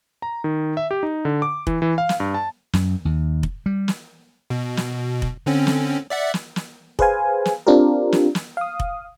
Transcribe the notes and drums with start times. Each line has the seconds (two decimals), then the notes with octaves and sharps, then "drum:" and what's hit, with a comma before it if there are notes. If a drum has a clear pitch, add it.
0.22 A#5
0.44 D#3
0.77 E5
0.91 G4
1.03 D#4
1.25 D3
1.42 D6
1.67 E3, drum: kick F1
1.82 E3
1.98 F5
2.09 drum: snare
2.20 G2
2.34 A5
2.73 F#2, drum: snare
3.05 D#2
3.43 drum: kick F1
3.66 G3
3.88 drum: snare
4.50 B2
4.77 drum: snare
5.22 drum: kick F1
5.46 D3 C4 C#4
5.67 drum: snare
6.10 D5 E5 F#5
6.34 drum: snare
6.56 drum: snare
6.99 G#4 B4 C5 F5 G#5, drum: kick F1
7.45 drum: snare
7.67 C4 D4 F4 G4 A#4
8.12 drum: snare
8.35 drum: snare
8.57 F5 D#6
8.80 drum: kick F1